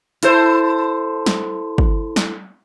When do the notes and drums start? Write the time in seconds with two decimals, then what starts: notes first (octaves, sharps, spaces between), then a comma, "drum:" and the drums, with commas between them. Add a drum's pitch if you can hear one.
0.23 E4 A4 C5, drum: hi-hat
1.26 drum: snare
1.78 drum: kick
2.16 drum: snare